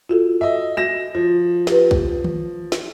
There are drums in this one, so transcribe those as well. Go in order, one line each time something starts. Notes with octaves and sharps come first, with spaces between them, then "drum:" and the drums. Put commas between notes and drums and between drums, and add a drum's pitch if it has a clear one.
F4 F#4 A4
D#5 E5
F#4 A#6 E7
F3
G4 B4, drum: snare
drum: kick
drum: tom D#3
drum: snare